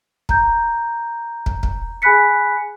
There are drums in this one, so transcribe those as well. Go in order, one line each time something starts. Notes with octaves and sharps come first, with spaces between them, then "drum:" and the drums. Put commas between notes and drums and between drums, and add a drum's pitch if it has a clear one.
A#5 G6, drum: kick
drum: kick
drum: kick
G#4 G#5 B5 F#6 B6 C#7